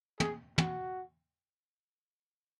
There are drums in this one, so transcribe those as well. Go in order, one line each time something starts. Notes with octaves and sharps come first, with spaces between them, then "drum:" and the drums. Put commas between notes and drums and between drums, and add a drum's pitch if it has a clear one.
G#4, drum: tom
F#4, drum: tom